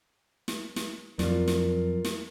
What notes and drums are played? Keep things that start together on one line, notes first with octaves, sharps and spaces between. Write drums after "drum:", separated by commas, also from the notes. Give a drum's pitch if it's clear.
drum: snare
drum: snare
F2 F3 F#3 F4 A#4 D5, drum: snare
drum: snare
drum: snare